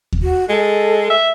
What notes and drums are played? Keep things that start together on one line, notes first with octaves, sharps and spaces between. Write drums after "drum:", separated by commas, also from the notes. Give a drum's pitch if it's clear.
drum: kick D#2
F#4
G#3 A4
E5